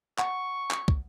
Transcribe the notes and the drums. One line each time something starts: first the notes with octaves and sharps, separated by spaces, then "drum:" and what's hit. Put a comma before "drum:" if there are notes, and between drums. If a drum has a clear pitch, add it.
F#5 C#6, drum: clap
drum: clap
drum: kick